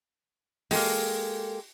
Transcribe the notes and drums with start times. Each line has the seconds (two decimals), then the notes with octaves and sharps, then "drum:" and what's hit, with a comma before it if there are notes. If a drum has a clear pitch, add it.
0.71 G#3 A#3 G4 A4, drum: open hi-hat